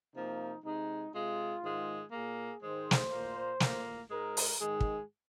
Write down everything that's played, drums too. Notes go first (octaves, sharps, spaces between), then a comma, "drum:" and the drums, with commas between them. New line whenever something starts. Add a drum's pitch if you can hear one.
C3 F3 A#3 D#4
C3 G#3 D#4
C3 G#3 F4
G#2 D#3 G#3
A#2 A#3 G#4
G#2 D#3 G#3 C5
drum: snare
A#2 A#3
A#2 A#3, drum: snare
G#2 G#3 A#4
drum: open hi-hat
G#2 D#3 G#3 G#4
drum: kick